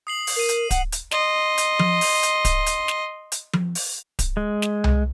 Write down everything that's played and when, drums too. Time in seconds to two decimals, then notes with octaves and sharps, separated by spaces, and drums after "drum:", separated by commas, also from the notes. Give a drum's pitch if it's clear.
0.07 D#6 C7 F#7
0.27 drum: open hi-hat
0.36 A#4 C7 D#7
0.49 drum: hi-hat
0.71 F#5, drum: kick D1, hi-hat
0.92 drum: hi-hat
1.11 D#5 C6, drum: snare
1.58 drum: hi-hat
1.79 drum: tom F3
2.01 drum: open hi-hat
2.23 drum: hi-hat
2.45 drum: kick D1, hi-hat
2.66 drum: hi-hat
2.88 drum: snare
3.32 drum: hi-hat
3.53 drum: tom F3
3.75 drum: open hi-hat
4.19 drum: kick D1, hi-hat
4.37 G#3
4.62 drum: snare
4.84 drum: tom C2